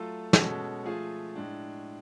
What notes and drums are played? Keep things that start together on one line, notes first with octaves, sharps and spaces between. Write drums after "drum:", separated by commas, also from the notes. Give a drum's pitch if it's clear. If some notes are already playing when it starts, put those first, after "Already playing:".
Already playing: F#3 A3 F4 A4
B2 G#3 C#4 F#4 A4, drum: snare
F3 A3 F4 G#4
A2 G#3 D4